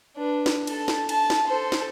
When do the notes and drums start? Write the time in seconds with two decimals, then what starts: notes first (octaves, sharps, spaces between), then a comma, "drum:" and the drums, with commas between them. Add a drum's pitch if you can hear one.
0.17 D4 B4
0.46 drum: snare
0.67 A4 A5, drum: cymbal
0.88 drum: snare
1.09 A5, drum: cymbal
1.30 drum: snare
1.48 A4 C5
1.72 drum: snare